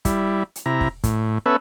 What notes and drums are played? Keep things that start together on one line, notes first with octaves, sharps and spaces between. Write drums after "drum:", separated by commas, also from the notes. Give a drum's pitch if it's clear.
G3 E4, drum: kick, hi-hat
drum: hi-hat
C3 E4 A#5
drum: kick
A2, drum: kick, hi-hat
B3 C#4 A4 B4 E5